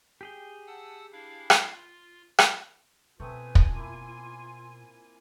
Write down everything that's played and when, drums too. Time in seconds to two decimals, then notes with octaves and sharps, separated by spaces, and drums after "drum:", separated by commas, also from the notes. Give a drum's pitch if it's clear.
0.21 G4 G#4 G5
0.67 F#5 A5 E6
1.12 D4 E4 F5
1.50 drum: rim click
1.72 F4
2.38 drum: rim click
3.20 B2 A3 C4 F4 B4 G#5 D#6
3.55 drum: kick
3.75 A#3 E4 C6